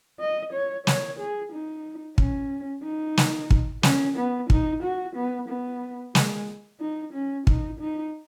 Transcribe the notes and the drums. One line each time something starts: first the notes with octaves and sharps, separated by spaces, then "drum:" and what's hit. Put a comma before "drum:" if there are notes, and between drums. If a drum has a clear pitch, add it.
D#5
C#5
C#5, drum: snare
G#4
D#4
C#4, drum: kick
D#4
drum: snare
drum: kick
C#4, drum: snare
B3
D#4, drum: kick
F#4
B3
B3
G#3, drum: snare
D#4
C#4
D#4, drum: kick
D#4